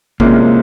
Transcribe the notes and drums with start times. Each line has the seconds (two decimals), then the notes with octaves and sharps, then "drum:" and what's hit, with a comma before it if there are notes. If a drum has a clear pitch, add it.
0.20 C2 C3 F3 G#3 A#3 C#4, drum: kick